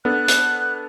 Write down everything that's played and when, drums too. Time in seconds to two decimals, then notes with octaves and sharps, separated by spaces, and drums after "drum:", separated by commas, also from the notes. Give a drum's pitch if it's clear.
0.05 B3 D4 A4 F#6
0.28 drum: hi-hat